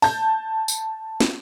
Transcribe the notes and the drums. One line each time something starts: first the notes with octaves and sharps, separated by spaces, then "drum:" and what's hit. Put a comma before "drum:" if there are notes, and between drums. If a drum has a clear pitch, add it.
A5 G6, drum: open hi-hat
drum: tambourine
drum: snare